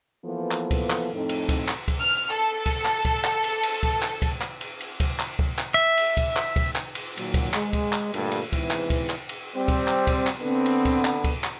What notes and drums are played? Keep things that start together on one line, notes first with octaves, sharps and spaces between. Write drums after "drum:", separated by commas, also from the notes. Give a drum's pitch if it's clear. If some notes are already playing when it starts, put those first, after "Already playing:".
E3 F3 A#3 B3 A4
drum: clap
drum: kick C#2, cymbal
drum: clap
F2 A2 C4 D#4 A4
drum: cymbal
drum: kick C#2, cymbal
drum: clap
drum: kick C#2, cymbal
F6
A4
drum: kick C#2, cymbal
drum: clap
drum: kick C#2, cymbal
drum: clap
drum: cymbal
drum: cymbal
drum: kick C#2, cymbal
drum: clap
drum: kick C#2, cymbal
drum: clap
drum: cymbal
drum: cymbal
drum: kick C#2, cymbal
drum: clap
drum: kick C#2
drum: clap
E5
drum: cymbal
drum: kick C#2, cymbal
drum: clap
drum: kick C#2, cymbal
drum: clap
drum: cymbal
A#2 D#3 F#3, drum: cymbal
drum: kick C#2, cymbal
G#3, drum: clap
drum: kick C#2, cymbal
drum: clap
G2 A#2 D3 G3 A3, drum: cymbal
drum: cymbal
E2 G#2 C3 E3, drum: kick C#2, cymbal
drum: clap
drum: kick C#2, cymbal
drum: clap
drum: cymbal
G3 C4
drum: kick C#2, cymbal
drum: clap
drum: kick C#2, cymbal
drum: clap
D3 B3 C4
drum: cymbal
drum: kick C#2, cymbal
drum: clap
drum: kick C#2, cymbal
drum: clap